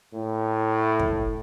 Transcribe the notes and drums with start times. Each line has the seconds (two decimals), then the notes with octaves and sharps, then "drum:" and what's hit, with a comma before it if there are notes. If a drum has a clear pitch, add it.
0.14 A2
1.00 drum: kick